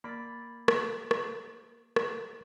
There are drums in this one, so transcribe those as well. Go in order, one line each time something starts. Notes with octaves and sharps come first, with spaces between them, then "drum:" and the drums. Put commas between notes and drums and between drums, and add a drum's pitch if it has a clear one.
A#3 D5 B5 E6 A6
drum: rim click
drum: rim click
drum: rim click